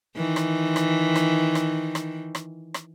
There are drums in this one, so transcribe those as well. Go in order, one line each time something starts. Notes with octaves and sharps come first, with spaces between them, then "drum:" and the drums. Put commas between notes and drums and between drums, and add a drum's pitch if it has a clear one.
D#3 E3
drum: rim click
drum: rim click
drum: rim click
drum: rim click
drum: rim click
drum: rim click
drum: rim click